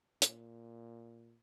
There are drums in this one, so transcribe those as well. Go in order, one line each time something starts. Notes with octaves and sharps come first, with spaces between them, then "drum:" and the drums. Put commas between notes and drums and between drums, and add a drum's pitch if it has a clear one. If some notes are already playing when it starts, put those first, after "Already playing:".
A#2, drum: hi-hat